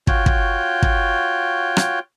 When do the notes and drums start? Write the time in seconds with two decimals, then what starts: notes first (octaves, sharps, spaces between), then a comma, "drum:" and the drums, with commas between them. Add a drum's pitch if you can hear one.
0.07 F4 F#4 C#5 G5, drum: kick
0.26 drum: kick
0.82 drum: kick
1.77 drum: rim click